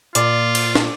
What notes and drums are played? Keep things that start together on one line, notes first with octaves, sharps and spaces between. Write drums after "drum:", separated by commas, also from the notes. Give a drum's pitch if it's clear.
A#2 F4 D5, drum: hi-hat
drum: cymbal
drum: snare